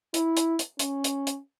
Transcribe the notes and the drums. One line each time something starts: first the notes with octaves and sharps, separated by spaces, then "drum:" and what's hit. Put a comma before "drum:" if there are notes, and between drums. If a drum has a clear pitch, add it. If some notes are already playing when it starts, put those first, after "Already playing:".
E4, drum: hi-hat
drum: hi-hat
drum: hi-hat
C#4, drum: hi-hat
drum: hi-hat
drum: hi-hat